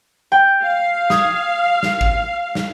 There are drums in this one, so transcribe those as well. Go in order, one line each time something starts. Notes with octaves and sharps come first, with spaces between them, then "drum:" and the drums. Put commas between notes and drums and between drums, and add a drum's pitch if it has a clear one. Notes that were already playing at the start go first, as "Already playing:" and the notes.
G5
F5
D#6 G#6, drum: snare
drum: snare
drum: kick G#1
drum: snare